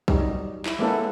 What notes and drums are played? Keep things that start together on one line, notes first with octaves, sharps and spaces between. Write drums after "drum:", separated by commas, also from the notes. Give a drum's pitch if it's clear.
F#3 G3 D#4, drum: kick
E4, drum: clap
G#3 A#3 B3 C#4 E4 A4